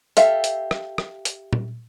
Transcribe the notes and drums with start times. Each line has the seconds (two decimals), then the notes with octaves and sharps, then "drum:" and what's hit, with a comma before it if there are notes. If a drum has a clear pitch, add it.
0.17 G4 A4 E5 F5, drum: hi-hat
0.44 drum: hi-hat
0.71 drum: rim click
0.98 drum: rim click
1.25 drum: hi-hat
1.53 drum: tom A#2